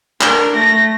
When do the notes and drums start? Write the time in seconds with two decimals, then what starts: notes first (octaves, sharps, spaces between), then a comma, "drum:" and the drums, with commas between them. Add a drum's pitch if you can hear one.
0.21 D4 A#4, drum: clap
0.55 A3 A#6